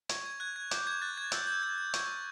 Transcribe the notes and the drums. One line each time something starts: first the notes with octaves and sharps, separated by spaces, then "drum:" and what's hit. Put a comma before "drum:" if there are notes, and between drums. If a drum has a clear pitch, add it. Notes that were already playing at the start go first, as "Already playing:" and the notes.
C#6 G#6, drum: hi-hat
G#6
F#6 G#6
G#6
D6 G6, drum: hi-hat
G#6
F#6 A6
G#6
E6 G6, drum: hi-hat
G6
G6 G#6
G6
C#6 G#6, drum: hi-hat